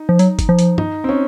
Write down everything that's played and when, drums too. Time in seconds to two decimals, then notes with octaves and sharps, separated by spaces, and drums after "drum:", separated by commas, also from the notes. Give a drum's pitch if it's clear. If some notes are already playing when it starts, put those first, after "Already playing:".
Already playing: D#4
0.09 F3
0.19 F#3, drum: hi-hat
0.39 drum: kick F#1, hi-hat
0.49 F3
0.59 drum: hi-hat
0.78 D#4, drum: tom G2
1.04 C4
1.09 C#4